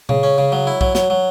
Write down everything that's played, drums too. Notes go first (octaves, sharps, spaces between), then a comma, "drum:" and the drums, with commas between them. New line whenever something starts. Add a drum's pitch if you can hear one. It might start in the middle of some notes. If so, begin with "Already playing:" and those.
C#3, drum: tom A#2
C#4
C#3
F#3
E4
F#3, drum: kick B1
F#3, drum: snare
F#3